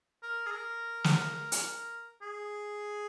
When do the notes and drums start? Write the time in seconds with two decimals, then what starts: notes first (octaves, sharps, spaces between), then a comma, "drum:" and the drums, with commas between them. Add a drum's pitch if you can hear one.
0.23 A#4
0.46 G#4
0.51 A#4
1.04 drum: snare
1.52 drum: hi-hat
2.21 G#4